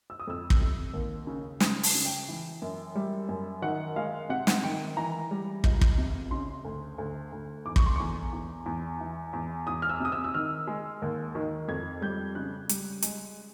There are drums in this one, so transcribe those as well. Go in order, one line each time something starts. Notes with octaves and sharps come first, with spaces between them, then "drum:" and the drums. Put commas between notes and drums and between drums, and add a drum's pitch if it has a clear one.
E6
D#6
F2 E6
drum: kick
C3
D#2
C#3
C#3 D#6, drum: snare
A5, drum: open hi-hat
C#3
G5
E3
F#2
G3
F#2
D#3 F#5
G#3 F5
C3 F#5
F#5, drum: snare
D#3 G5
E3 A#5
G3
C#2, drum: kick
drum: kick
C3
C#3 C6
D2
D2
D2
E2 D6
C#6, drum: kick
C6
E2 C#6
E2
E2
E3
E2
E2 D#6
F6
E6
C3 D#6
E6
E6
D#3 F6
G#3
D#2
D#3
F2 G#6
G3 G6
C#3 F#6
G3, drum: hi-hat
G#3, drum: hi-hat